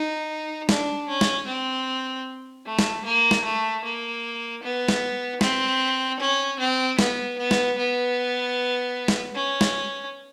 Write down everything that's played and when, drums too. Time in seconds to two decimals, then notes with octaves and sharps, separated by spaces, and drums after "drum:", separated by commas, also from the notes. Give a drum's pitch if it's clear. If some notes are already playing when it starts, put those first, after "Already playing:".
Already playing: D#4
0.69 D4, drum: snare
1.08 C#4
1.21 drum: snare
1.47 C4
2.65 A3
2.79 drum: snare
3.05 A#3
3.31 drum: snare
3.44 A3
3.84 A#3
4.62 B3
4.89 drum: snare
5.41 C4, drum: snare
6.19 C#4
6.59 C4
6.99 B3, drum: snare
7.38 B3
7.51 drum: snare
7.77 B3
9.08 drum: snare
9.34 C#4
9.61 drum: snare